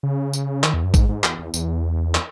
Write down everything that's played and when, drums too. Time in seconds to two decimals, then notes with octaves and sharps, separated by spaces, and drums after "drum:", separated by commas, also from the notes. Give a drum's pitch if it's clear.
0.03 C#3
0.33 drum: tambourine
0.63 D#3, drum: clap
0.74 E2
0.84 F#2
0.94 G#2, drum: kick, tambourine
1.09 G#2
1.24 E2, drum: clap
1.39 E2
1.54 E2, drum: tambourine
2.15 drum: clap